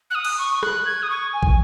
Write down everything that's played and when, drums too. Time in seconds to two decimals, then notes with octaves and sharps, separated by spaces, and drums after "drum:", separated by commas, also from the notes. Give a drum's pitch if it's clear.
0.10 F#6
0.15 D#6
0.25 drum: cymbal
0.38 C#6
0.63 F#6, drum: rim click
0.85 G#6
1.02 D#6
1.10 C#6
1.33 G#5
1.43 drum: kick